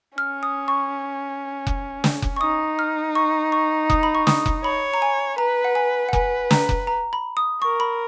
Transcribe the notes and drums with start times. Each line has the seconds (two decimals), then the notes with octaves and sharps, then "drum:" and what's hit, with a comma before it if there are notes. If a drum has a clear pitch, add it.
0.18 C#4 F6
0.43 D#6
0.68 C#6
1.67 drum: kick F1
2.04 drum: snare
2.22 drum: kick F1
2.36 C#6
2.40 D#4 D#6
2.79 F6
3.15 C#6
3.52 C#6
3.90 D#6, drum: kick F1
4.03 B5
4.15 C#6
4.27 D#6, drum: snare
4.46 drum: kick F1
4.64 C#5 B5
4.94 A#5
5.02 G#5
5.38 B4 A#5
5.65 F#5
5.75 G#5
6.09 F#5
6.13 B4 G#5, drum: kick F1
6.51 A#5, drum: snare
6.69 drum: kick F1
6.87 A#5
7.13 B5
7.37 D#6
7.62 A#4 C#6
7.80 B5